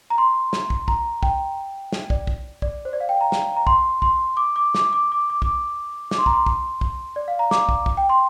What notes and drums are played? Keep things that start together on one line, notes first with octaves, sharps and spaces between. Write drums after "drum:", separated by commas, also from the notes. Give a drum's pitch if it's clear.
A#5
C6
drum: snare
drum: kick
A#5, drum: kick
G5, drum: kick
drum: snare
D5, drum: kick
drum: kick
D5, drum: kick
C5
D5
F5
G5
A#5
drum: snare
A#5
C6, drum: kick
C6, drum: kick
D6
D6
D6, drum: snare
D6
D6
D6
D6, drum: kick
D6, drum: snare
C6
A#5, drum: kick
C6
drum: kick
drum: kick
D5
F5
A#5
D6, drum: snare
drum: kick
drum: kick
G5
C6